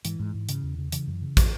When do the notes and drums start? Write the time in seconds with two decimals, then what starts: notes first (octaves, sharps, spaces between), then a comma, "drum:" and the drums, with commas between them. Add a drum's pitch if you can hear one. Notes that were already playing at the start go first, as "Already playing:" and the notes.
0.05 G#2 E3, drum: hi-hat
0.20 G#2
0.34 G#2
0.49 C#3, drum: hi-hat
0.63 E2
0.78 C#3
0.92 C#3 E3, drum: hi-hat
1.07 F#2
1.22 C#3
1.37 drum: kick, hi-hat